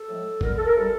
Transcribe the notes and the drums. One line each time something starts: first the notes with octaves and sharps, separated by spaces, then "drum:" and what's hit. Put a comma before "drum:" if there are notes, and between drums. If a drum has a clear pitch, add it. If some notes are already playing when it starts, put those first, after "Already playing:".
Already playing: A4
A2 F3 G#3
D3 G3 A#4, drum: kick G1
A4
A#4
C3 E3 G3 A4